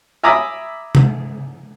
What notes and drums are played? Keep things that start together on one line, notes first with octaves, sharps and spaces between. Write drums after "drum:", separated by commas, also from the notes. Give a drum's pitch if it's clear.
E5 G#5 A#5 B5 D6 D#6
drum: tom C3